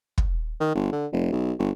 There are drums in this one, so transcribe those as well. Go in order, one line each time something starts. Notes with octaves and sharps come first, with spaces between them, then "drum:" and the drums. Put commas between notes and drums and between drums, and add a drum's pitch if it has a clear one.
drum: kick
D#3
G1
D3
F1
B1
G1